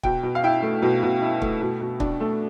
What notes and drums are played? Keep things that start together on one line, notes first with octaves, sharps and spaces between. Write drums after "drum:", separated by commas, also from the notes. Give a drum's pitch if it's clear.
B2 G5, drum: kick
B2
F5
E4 G5
A3
B2
B2
E4
A3, drum: kick
B2
B2
D4, drum: kick
A3